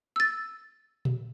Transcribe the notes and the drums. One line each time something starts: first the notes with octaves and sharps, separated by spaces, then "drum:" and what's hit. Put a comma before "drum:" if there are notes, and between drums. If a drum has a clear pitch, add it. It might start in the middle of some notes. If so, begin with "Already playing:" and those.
E6 A6
drum: tom A#2